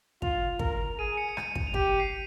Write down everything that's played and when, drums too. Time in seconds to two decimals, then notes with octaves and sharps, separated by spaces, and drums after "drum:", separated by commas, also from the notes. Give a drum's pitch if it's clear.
0.22 F4 F7, drum: kick
0.59 A#4, drum: kick
0.99 G#4 D#7
1.17 C#7
1.29 C#7
1.37 D#7, drum: rim click
1.55 drum: kick
1.67 F7
1.74 G4 D#7, drum: kick
1.87 D#7
2.00 C7